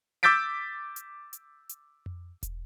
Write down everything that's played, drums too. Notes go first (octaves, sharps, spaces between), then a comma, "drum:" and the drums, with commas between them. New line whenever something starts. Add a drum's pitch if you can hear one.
D6 E6 G6 A6 B6 D7
drum: hi-hat
drum: hi-hat
drum: hi-hat
drum: tom F2
drum: kick E1, hi-hat